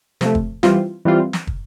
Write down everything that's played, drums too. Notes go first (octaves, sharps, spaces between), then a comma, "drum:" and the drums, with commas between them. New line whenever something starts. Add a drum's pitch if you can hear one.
C3 F3 A3, drum: snare
drum: kick
E3 G3 C4 F4, drum: snare
E3 G3 C4 F4
drum: snare
drum: kick